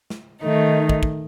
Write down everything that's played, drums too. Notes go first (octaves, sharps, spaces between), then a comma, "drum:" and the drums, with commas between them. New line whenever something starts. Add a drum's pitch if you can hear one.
drum: snare
D#3 A3 D#4
drum: kick
drum: kick